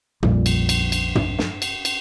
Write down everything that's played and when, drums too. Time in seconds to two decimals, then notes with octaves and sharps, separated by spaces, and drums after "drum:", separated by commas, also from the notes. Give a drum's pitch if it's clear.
0.23 A#1 F2 A#2 G3, drum: tom
0.46 drum: cymbal
0.69 drum: cymbal
0.92 drum: cymbal
1.15 drum: tom
1.39 drum: snare
1.62 drum: cymbal
1.85 drum: cymbal